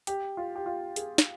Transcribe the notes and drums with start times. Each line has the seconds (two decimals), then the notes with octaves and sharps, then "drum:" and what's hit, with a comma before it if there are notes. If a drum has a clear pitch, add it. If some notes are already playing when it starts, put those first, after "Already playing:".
0.07 G4, drum: hi-hat
0.37 F4
0.55 G4
0.66 F4
0.96 G#4, drum: hi-hat
1.18 drum: snare